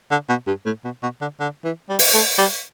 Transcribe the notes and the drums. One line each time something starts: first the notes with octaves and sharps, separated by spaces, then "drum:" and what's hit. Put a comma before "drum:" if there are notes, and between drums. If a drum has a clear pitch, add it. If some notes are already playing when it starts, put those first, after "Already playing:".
D3
B2
G2
A2
B2
B2
D3
D3
E3
G3
drum: open hi-hat
A3
G3